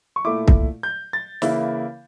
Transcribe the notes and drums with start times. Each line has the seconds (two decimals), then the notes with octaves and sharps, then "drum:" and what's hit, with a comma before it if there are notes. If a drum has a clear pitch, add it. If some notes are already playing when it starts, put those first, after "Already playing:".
0.16 C#6
0.25 A#2 A3 E4 D6
0.48 drum: kick C2
0.83 G6
1.13 A6
1.42 C#3 E3 A#3 E4, drum: snare